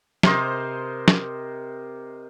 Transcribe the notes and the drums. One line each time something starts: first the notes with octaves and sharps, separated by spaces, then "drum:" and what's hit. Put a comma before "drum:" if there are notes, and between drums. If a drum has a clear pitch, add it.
C3 A#4 C5 D#5, drum: snare
drum: snare